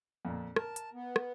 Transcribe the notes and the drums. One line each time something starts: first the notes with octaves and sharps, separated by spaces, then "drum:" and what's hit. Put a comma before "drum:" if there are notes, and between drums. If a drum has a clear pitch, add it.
F2 A#2
A#4 A5, drum: rim click
drum: hi-hat
B3
drum: rim click